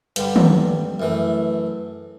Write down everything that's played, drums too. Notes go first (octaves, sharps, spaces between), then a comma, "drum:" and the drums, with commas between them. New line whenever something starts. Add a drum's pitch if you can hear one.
G2 D3 G3, drum: hi-hat
drum: tom D#3
F#2 E3 A3